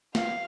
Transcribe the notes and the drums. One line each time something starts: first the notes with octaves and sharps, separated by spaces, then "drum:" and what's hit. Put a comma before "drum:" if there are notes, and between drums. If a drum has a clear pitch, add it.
F5, drum: snare